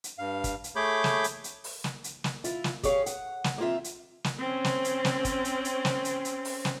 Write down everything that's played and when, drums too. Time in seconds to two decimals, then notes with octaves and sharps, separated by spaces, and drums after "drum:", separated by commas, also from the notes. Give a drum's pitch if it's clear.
0.04 drum: hi-hat
0.19 G2 F5
0.44 drum: kick, hi-hat
0.64 drum: hi-hat
0.76 A3 G#4 C#5 B5 D6 G6
1.04 drum: snare
1.24 drum: hi-hat
1.44 drum: hi-hat
1.64 drum: open hi-hat
1.84 drum: snare
2.04 drum: hi-hat
2.24 drum: snare
2.44 E4 F4, drum: hi-hat
2.64 drum: snare
2.83 G4 G#4 C#5 F5, drum: kick, hi-hat
3.06 F#5, drum: hi-hat
3.44 drum: snare
3.58 A#3 C4 F4 E5
3.84 drum: hi-hat
4.24 drum: snare
4.39 C4 C#4
4.64 drum: snare
4.85 drum: hi-hat
5.05 drum: snare
5.25 drum: kick, hi-hat
5.45 drum: hi-hat
5.65 drum: hi-hat
5.85 drum: snare
6.05 drum: hi-hat
6.25 drum: hi-hat
6.45 drum: open hi-hat
6.65 drum: snare